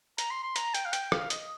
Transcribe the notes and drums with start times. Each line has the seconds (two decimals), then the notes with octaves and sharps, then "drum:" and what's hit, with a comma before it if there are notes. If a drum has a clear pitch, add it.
0.18 A#5, drum: hi-hat
0.31 C6
0.43 C6
0.56 A#5, drum: hi-hat
0.75 G5, drum: hi-hat
0.86 F5
0.93 G5, drum: hi-hat
1.12 F5, drum: rim click
1.30 D#5, drum: hi-hat